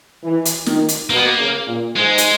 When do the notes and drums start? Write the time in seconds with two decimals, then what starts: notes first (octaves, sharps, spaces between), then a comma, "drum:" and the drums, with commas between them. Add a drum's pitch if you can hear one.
0.24 E3
0.45 drum: hi-hat
0.66 D#3, drum: snare
0.88 drum: hi-hat
1.10 B2 A#3
1.17 B3
1.26 A#3
1.39 C#3
1.67 A#2
1.96 G#2 G#3
2.18 drum: hi-hat